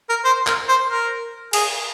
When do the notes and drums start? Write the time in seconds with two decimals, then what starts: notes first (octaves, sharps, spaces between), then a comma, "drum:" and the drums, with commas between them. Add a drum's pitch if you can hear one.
0.10 A#4
0.25 C5
0.47 A#4, drum: clap
0.68 C5
0.89 A#4
1.53 G#4, drum: cymbal